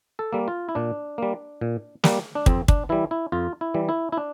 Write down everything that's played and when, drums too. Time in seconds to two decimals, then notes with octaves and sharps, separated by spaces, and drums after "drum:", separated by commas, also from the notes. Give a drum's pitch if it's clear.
0.19 A4
0.33 G3 A#3
0.48 F4
0.69 E4
0.75 A#2 D4
1.18 G3 A#3
1.61 A#2
2.04 G3 A#3, drum: snare
2.35 D4
2.46 F2 C4, drum: kick
2.68 D4, drum: kick
2.89 E3 G3 E4
3.11 E4
3.32 F2 F4
3.61 E4
3.74 E3 G3
3.89 E4
4.12 E4
4.17 D4